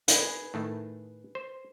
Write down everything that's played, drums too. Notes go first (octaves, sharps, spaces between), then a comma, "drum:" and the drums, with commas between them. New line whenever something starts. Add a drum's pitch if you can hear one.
G#4 B4, drum: hi-hat
A2 D#3 A3
C5